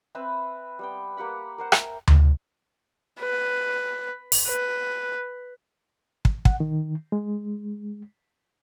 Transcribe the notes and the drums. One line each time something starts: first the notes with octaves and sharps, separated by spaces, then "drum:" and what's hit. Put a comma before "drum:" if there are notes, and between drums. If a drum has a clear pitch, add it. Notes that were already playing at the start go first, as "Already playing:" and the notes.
C4 B4 E5
G3 B3 G5
A#3 G4 F#5 B5
A#4 C5 F#5
E5 G5, drum: rim click
drum: tom D2
B4
drum: open hi-hat
B4
drum: kick
F#5, drum: kick
D#3
G#3